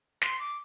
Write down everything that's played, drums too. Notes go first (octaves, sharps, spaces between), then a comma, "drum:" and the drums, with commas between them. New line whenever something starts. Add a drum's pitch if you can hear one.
C6, drum: snare
D6